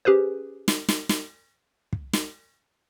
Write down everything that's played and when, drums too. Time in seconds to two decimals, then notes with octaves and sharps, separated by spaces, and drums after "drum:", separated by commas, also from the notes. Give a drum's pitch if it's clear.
0.05 C#4 G4 G#4 B4 C5
0.68 drum: snare
0.89 drum: snare
1.09 drum: snare
1.93 drum: kick
2.13 drum: snare